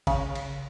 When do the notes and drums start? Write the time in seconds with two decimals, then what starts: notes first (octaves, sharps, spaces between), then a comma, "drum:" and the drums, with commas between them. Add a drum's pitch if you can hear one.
0.07 C#3, drum: kick G#1, cymbal
0.35 drum: cymbal